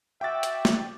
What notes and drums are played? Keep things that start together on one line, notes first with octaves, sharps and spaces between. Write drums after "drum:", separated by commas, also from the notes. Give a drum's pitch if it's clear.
F#4 E5 G5 D6 A6
drum: hi-hat
drum: snare